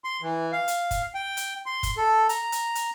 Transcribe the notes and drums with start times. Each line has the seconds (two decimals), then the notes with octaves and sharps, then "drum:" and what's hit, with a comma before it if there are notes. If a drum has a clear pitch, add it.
0.04 C6
0.22 E3
0.52 F5
0.68 drum: hi-hat
0.91 drum: kick, hi-hat
1.15 G5
1.37 drum: hi-hat
1.66 C6
1.83 drum: kick, hi-hat
1.98 A4
2.29 A#5, drum: hi-hat
2.52 drum: hi-hat
2.75 drum: hi-hat